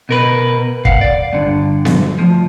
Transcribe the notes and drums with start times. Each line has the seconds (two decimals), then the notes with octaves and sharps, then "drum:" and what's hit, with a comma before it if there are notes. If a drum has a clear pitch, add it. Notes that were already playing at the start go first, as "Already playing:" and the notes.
0.09 B2 A#4 B4
0.85 F5 F#5, drum: kick
1.01 D5
1.33 G2 D3
1.85 drum: snare B3
2.18 D2 F3